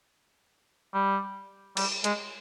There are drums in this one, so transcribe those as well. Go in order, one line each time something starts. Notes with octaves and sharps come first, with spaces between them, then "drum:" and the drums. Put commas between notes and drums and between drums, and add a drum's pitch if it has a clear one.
G3
G3, drum: cymbal
G#3, drum: hi-hat